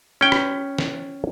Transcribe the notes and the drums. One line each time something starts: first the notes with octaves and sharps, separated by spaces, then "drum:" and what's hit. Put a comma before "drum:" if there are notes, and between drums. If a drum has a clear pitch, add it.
C#4 G5
drum: rim click
drum: snare